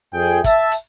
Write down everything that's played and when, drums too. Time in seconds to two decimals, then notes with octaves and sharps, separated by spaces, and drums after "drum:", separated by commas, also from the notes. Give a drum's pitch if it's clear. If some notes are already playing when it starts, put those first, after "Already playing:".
0.14 F2 G#4 G5
0.44 E5 A5, drum: kick, hi-hat
0.72 drum: hi-hat